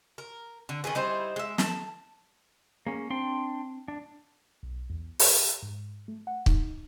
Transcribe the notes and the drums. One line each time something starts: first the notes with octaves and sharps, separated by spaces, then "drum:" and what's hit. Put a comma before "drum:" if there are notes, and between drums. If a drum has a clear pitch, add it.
A#4
D3
D#3 C#4 G#4 B4
G3 D#4 E4 C5
G#3 E5
A5, drum: snare
A#3 C#4 G#4
C4 D4 G5 C6
D4
B1
E2
G4, drum: open hi-hat
G#2
A3
F#5
D#4, drum: kick